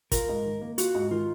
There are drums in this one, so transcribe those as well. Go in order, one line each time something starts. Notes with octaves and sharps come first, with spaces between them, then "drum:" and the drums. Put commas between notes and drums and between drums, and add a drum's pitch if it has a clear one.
F4 A#4, drum: kick, hi-hat
G#2
D#3
A#3
F4 F#4, drum: hi-hat
G#2
D#3 F4